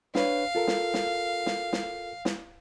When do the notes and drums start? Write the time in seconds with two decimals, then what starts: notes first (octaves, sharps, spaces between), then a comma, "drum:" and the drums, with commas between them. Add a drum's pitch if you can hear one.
0.15 D4 B4 C#5 F5, drum: snare
0.55 F4 A4 A#4
0.68 drum: snare
0.94 drum: snare
1.46 drum: snare
1.73 drum: snare
2.25 drum: snare